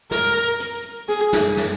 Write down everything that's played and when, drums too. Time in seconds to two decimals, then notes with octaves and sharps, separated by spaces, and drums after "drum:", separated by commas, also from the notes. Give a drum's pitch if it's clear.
0.11 A#4, drum: snare
0.60 drum: hi-hat
1.09 G#4, drum: hi-hat
1.33 drum: snare
1.57 drum: snare